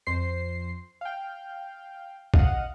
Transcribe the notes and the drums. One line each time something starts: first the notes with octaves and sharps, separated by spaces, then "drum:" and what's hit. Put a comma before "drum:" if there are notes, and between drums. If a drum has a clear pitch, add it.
F2 C5 C7
F5 G5
D#5 F5 F#5, drum: kick A#1